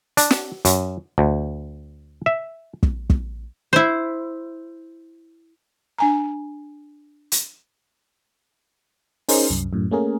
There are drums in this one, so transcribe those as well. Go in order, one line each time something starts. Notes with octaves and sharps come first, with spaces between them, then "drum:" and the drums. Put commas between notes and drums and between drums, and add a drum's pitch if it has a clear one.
D4, drum: hi-hat
drum: snare
F#2, drum: hi-hat
D2
E5
drum: kick
drum: kick
E4 C5
D4 G#5 A#5
drum: hi-hat
C#4 D#4 G#4 A#4 C5, drum: open hi-hat
C2 F#2
F#2 A2
A3 A#3 C#4 G#4 A#4